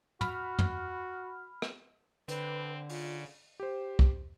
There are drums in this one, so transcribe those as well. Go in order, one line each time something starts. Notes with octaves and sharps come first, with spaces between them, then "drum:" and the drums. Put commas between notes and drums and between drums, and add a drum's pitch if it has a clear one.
F#4 B5 F6, drum: tom
drum: tom
drum: rim click
D3 C4 B4, drum: hi-hat
C#3 F4, drum: open hi-hat
G4 C5
drum: kick